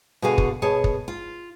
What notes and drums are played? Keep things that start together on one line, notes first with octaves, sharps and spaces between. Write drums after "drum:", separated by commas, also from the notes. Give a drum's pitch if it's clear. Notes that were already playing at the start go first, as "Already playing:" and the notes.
B2 D3 F#4 G#4 F5 G#5
drum: kick
B2 G#4 C#5 A5
drum: kick
F4